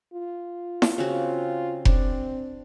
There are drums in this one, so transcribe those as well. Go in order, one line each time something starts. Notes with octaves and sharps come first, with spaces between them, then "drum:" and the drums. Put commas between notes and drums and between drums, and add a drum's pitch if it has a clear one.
F4
drum: snare E4
C#3 C4 F#4
C4 D4, drum: kick F1